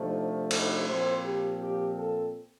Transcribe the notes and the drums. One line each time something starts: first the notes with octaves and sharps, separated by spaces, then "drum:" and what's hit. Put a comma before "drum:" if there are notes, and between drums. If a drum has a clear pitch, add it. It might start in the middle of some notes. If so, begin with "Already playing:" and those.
Already playing: C3 F3 A3 D4 D#4
D#4, drum: cymbal
A#2 F3 C4 C5
G4
G4
A4